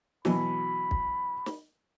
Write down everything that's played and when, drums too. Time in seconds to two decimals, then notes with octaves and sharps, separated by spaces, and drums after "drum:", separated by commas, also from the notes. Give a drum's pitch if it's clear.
0.25 B2 E3 F#3 B5, drum: snare
0.91 drum: kick
1.46 drum: snare